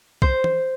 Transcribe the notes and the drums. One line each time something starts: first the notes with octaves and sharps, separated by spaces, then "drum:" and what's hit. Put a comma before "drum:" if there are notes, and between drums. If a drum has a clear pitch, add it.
C5, drum: kick B1
drum: tom E3